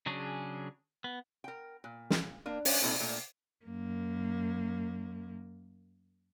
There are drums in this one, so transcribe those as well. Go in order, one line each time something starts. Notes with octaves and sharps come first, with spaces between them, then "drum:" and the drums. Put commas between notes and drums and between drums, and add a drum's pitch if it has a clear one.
C#3 F#3 C#4 D4 G#4
B3
A#4 G5
A#2
drum: snare
A#3 D4
G#3 C#4, drum: open hi-hat
A#2 G3 C4 D#4 A4
A#2 A3 A#3 D4
F#2 A#3